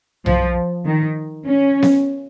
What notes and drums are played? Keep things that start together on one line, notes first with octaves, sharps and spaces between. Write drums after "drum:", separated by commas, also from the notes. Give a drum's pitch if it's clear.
F3, drum: tom B1
D#3
C#4
drum: snare B3